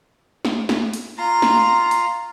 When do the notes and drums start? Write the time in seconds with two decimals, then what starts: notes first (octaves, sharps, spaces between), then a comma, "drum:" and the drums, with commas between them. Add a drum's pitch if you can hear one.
0.45 drum: snare
0.69 drum: snare
0.93 drum: hi-hat
1.18 F4 A#5 C6
1.42 drum: snare
1.91 drum: hi-hat